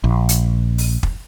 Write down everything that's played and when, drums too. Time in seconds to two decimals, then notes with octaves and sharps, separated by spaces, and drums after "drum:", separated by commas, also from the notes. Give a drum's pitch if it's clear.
0.04 A#1
0.29 drum: hi-hat
0.78 drum: open hi-hat
1.03 drum: kick